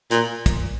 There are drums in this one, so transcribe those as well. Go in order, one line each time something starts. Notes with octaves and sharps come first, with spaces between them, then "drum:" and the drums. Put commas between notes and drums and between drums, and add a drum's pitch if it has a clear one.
A#2, drum: hi-hat
drum: kick, hi-hat